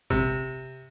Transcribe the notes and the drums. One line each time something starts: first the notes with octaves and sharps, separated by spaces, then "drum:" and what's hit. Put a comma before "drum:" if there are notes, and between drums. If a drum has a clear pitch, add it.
C3, drum: kick G1